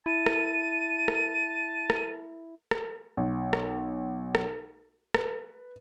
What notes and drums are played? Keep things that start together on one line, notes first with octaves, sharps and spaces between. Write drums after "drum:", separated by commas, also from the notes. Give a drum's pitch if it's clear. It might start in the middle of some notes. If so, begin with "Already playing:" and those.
E4 A5 D#7
drum: rim click
drum: rim click
drum: rim click
drum: rim click
B1
drum: rim click
drum: rim click
B4, drum: rim click